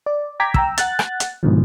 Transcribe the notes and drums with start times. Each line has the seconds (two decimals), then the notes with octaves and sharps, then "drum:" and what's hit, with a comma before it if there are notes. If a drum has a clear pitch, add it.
0.06 D5
0.40 G5 A#5 D6 G#6 B6
0.54 G5 A#5 E6, drum: kick
0.78 F#5 F#6 A6, drum: hi-hat
0.99 drum: rim click
1.20 drum: hi-hat
1.43 G#2 B2 D3 D#3 F3